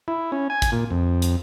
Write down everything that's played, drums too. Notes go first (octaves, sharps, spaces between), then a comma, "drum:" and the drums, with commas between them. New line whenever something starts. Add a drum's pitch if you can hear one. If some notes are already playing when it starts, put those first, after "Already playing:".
E4
C#4
G#5
drum: kick, hi-hat
A#2
F2
drum: hi-hat